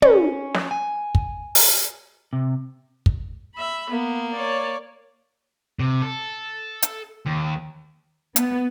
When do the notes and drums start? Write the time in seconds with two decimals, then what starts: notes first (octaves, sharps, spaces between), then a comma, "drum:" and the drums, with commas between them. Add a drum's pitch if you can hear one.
0.02 C#4, drum: tom
0.54 drum: snare
0.71 G#5
1.15 drum: kick
1.55 drum: open hi-hat
2.33 C3
3.06 drum: kick
3.55 E5 B5
3.90 A#3 B3
4.33 C#5 D5
5.79 C3
6.02 A4
6.82 drum: hi-hat
7.26 D#2
8.36 B3, drum: hi-hat